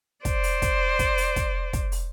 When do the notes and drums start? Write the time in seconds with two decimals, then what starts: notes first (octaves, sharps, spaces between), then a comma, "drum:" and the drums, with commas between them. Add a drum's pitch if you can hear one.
0.25 C5 D5, drum: kick, hi-hat
0.43 drum: open hi-hat
0.62 drum: kick, hi-hat
0.99 drum: kick, hi-hat
1.18 drum: open hi-hat
1.36 drum: kick, hi-hat
1.73 drum: kick, hi-hat
1.92 drum: open hi-hat